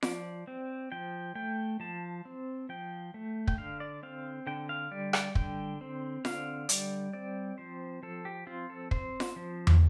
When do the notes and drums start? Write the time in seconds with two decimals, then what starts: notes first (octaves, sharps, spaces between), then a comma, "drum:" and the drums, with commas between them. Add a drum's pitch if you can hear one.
0.03 F3 D5, drum: snare F4
0.47 C4
0.92 F3 G5
1.35 A3 G5
1.80 F3 A5
2.25 C4
2.69 F3 G5
3.14 A3
3.47 G5, drum: kick
3.58 D3 F5
3.80 D5
4.03 C4 F5
4.47 D3 G5
4.69 F5
4.91 G3 D5
5.13 D5, drum: rim click
5.35 D3 G5, drum: kick
5.81 C4
6.25 D3 F5, drum: snare F4
6.69 G3 D5, drum: hi-hat
7.13 C4 D5
7.58 F3 C5
8.03 F3 A4
8.25 G4
8.47 C4 F4
8.70 A4
8.91 C4 C5, drum: kick
9.20 drum: snare F4
9.36 F3
9.67 drum: tom